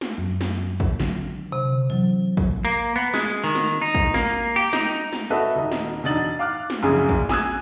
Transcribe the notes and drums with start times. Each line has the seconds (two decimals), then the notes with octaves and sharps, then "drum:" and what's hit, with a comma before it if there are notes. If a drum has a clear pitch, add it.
0.01 drum: snare
0.18 F#2
0.41 drum: snare
0.80 drum: kick
1.00 D3 D#3 F#3, drum: snare
1.52 C3
1.90 C3 E3 F#3
2.37 drum: kick
2.65 A#3
2.96 B3
3.14 G#3, drum: snare
3.44 D#3
3.55 drum: snare
3.82 D#4
3.95 drum: kick
4.14 A#3, drum: snare
4.56 G4
4.73 D#4, drum: snare
5.13 drum: snare
5.30 F#4 A4 B4 D#5 E5
5.55 D#1 D#4
5.72 drum: snare
6.03 E1 D4 D#4 A6 F#7
6.39 F5 D6 F6 F#6
6.70 drum: snare
6.83 A#1 F#2 C#3 G#4 G#5
7.09 drum: kick
7.29 G#5 D#6 E6 F#6 G#6, drum: snare